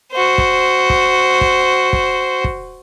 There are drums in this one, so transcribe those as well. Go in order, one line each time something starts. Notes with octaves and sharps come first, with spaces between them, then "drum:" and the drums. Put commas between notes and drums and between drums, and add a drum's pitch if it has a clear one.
F#4 C5
drum: kick
drum: kick
drum: kick
drum: kick
drum: kick